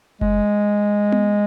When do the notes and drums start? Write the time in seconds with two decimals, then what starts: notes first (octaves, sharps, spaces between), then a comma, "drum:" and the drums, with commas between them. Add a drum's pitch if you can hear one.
0.21 G#3, drum: kick F#1
1.12 drum: tom B3